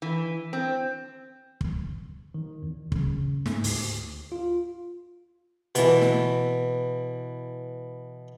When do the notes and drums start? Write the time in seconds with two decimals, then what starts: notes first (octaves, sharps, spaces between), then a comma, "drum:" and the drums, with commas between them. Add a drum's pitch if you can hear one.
0.02 E3
0.53 C4
1.61 drum: kick
2.34 D#3
2.63 E2
2.92 C#3, drum: kick
3.46 G#2, drum: snare
3.64 D2, drum: open hi-hat
4.32 F4
5.75 B2 E3, drum: hi-hat
6.01 drum: snare